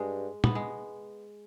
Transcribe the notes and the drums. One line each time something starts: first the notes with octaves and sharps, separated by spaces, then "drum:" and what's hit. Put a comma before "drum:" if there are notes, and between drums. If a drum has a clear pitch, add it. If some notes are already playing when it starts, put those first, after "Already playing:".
Already playing: G2 G#3
B3, drum: tom
G#3